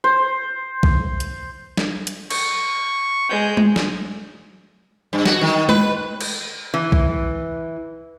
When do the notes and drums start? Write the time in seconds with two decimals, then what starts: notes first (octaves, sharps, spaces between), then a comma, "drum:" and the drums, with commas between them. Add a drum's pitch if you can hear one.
0.04 C5
0.83 drum: kick B1
1.20 drum: hi-hat
1.77 drum: snare
2.07 drum: hi-hat
2.30 C#6, drum: cymbal
3.30 G#3 G6
3.57 drum: tom G#3
3.76 drum: snare
5.13 G2
5.25 F#4, drum: snare
5.41 D#3
5.69 B4, drum: tom G#3
6.21 drum: cymbal
6.74 E3
6.92 drum: kick B1